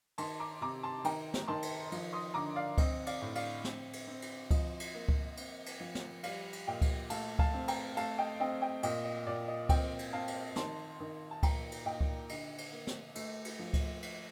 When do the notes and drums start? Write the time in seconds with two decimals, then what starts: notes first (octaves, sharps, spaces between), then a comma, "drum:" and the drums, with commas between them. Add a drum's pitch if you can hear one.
0.18 D#3 A5 C6, drum: cymbal
0.40 A#5 D6
0.61 C3 A#5 D6
0.83 A5 C6
1.04 D#3 G5 A#5, drum: cymbal
1.34 drum: snare
1.47 D#3 A5 C6
1.63 drum: cymbal
1.92 F3, drum: cymbal
2.13 C6 D#6
2.34 D3 A#5 D6
2.56 D5 F5
2.78 C4 D#5, drum: kick C#2, cymbal
3.06 D5 F5, drum: cymbal
3.21 A2
3.35 D5 F5, drum: cymbal
3.64 C4, drum: snare
3.93 drum: cymbal
4.07 C4
4.22 drum: cymbal
4.51 F3 D#5, drum: kick C#2, cymbal
4.80 drum: cymbal
4.95 A#3
5.09 drum: kick C#2
5.37 C4, drum: cymbal
5.66 drum: cymbal
5.80 F3
5.95 drum: snare
6.23 G3 D5 F5, drum: cymbal
6.53 drum: cymbal
6.67 A#2 D#5 G5
6.82 drum: kick C#2, cymbal
7.10 A3 F5 A5, drum: cymbal
7.39 F5 A5, drum: kick C#2
7.54 C4
7.68 G5 A#5, drum: cymbal
7.97 A3 F5 A5, drum: cymbal
8.18 D#5 G5
8.40 C4 D#5 G5
8.61 D#5 G5
8.83 A#2 D#5 G5, drum: cymbal
9.05 D#5
9.27 A#2 D5
9.48 D#5
9.69 C4 D#5 G5, drum: kick C#2, cymbal
9.99 drum: cymbal
10.13 C4 F5 A5
10.28 drum: cymbal
10.56 D#3 A5 C6, drum: snare
11.00 D#3
11.31 A5
11.43 A#2 G5 A#5, drum: kick C#2, cymbal
11.72 drum: cymbal
11.86 A#2 D#5 G5
12.01 drum: kick C#2
12.29 D3 D#5, drum: cymbal
12.58 drum: cymbal
12.73 A#3
12.87 drum: snare
13.15 A3, drum: cymbal
13.45 drum: cymbal
13.59 F3
13.74 drum: kick C#2, cymbal
14.02 drum: cymbal